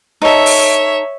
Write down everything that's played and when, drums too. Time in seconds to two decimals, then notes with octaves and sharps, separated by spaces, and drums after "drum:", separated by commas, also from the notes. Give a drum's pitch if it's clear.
0.22 D#4 A4 C#5 E5
0.46 drum: open hi-hat